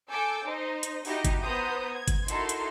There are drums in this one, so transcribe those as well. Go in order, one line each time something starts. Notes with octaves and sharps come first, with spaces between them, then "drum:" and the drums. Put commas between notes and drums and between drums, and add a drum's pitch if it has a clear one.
A4 G#5 A5 D6 E6 G6
D#4 C5 D#5
drum: hi-hat
D#4 E4 F#4 G4 D#5, drum: open hi-hat
drum: kick G1, hi-hat
B3 C5 A#5 D#6 G6
G#6
drum: kick G1, hi-hat
D#4 E4 F#4 A4 A#4 C6, drum: hi-hat
drum: hi-hat